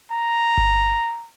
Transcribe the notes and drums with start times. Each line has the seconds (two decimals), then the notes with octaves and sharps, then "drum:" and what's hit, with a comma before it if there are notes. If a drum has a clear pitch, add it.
0.11 A#5
0.58 drum: kick G1